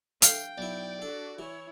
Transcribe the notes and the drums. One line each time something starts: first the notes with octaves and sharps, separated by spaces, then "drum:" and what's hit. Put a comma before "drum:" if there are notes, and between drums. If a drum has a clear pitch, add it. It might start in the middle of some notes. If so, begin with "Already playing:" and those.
F5 G5, drum: hi-hat
B1 E4 D5
D4 F#4 A4
E3 E4 C#5